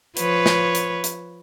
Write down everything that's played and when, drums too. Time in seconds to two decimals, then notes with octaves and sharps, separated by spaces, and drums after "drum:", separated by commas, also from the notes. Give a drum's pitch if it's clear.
0.17 F3 B4 C#5, drum: hi-hat
0.46 drum: snare
0.75 drum: hi-hat
1.04 drum: hi-hat